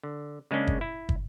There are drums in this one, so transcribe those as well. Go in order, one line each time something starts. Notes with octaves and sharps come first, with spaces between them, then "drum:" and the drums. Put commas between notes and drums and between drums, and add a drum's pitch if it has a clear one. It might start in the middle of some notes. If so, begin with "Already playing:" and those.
D3
C#3 G#3 A#3 C#4 D4
drum: kick
E4
drum: kick